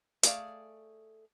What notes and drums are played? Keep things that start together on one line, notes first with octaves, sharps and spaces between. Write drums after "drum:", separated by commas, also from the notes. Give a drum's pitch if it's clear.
A3 G#4 D5 F5, drum: hi-hat